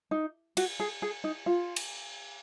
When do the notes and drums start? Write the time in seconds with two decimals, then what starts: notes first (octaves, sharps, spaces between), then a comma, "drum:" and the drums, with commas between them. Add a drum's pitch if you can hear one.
0.11 D#4
0.57 F#4, drum: cymbal
0.80 G#4
1.02 G#4
1.24 D#4
1.46 F4
1.76 drum: cymbal